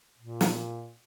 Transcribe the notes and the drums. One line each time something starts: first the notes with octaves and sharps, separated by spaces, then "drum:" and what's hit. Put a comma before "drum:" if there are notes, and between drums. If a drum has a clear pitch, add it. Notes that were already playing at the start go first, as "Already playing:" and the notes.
A#2
drum: snare